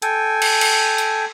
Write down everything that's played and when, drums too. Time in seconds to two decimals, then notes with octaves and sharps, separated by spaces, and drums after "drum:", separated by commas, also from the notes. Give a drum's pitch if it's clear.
0.02 A4 G5 G#5, drum: hi-hat
0.42 drum: cymbal
0.61 drum: cymbal
0.98 drum: tambourine